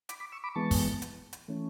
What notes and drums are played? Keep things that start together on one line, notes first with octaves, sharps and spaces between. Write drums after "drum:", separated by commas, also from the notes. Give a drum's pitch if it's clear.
B5 D6, drum: hi-hat
B5 D6
C#6 E6
B5 D6
E3 G#3 B3 A5 C#6
drum: kick, open hi-hat
drum: hi-hat
drum: hi-hat
E3 A3 C#4